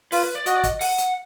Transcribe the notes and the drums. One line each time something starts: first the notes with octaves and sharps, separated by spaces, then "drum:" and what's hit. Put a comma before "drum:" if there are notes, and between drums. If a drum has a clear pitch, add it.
F4 B4, drum: open hi-hat
B4
D5
F#4 D#5, drum: hi-hat
D5
D#5, drum: kick, hi-hat
F#5, drum: open hi-hat
drum: hi-hat